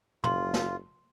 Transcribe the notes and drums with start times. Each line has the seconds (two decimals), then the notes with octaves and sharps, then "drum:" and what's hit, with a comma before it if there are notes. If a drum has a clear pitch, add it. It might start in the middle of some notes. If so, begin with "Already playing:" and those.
0.24 F#1 F4 C6, drum: tom
0.54 drum: snare